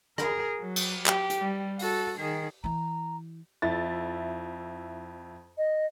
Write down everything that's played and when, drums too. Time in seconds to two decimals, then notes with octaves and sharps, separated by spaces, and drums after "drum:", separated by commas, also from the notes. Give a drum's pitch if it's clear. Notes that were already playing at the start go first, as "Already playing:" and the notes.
0.18 G#4 A#4, drum: rim click
0.59 F#3
0.76 drum: cymbal
1.06 G4, drum: clap
1.30 drum: hi-hat
1.40 G3
1.79 F#4 A4, drum: open hi-hat
2.19 D#3 G#4
2.64 E3 E4 A#5
3.62 F2 E4 A6
5.58 D#5